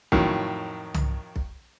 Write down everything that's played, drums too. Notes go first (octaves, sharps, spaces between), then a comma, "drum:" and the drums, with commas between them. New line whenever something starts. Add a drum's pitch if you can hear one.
F2 A2 D#3 F#3, drum: kick B1
drum: tom C2
drum: kick B1